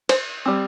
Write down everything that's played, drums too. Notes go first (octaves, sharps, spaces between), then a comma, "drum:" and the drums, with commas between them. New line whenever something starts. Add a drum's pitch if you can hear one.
C5, drum: cymbal
G3 C4